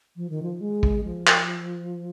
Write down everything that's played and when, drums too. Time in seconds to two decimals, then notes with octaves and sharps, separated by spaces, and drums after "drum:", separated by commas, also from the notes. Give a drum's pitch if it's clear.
0.16 F3
0.30 D#3
0.43 F3
0.61 G#3
0.83 drum: kick A1
1.05 F3
1.27 drum: clap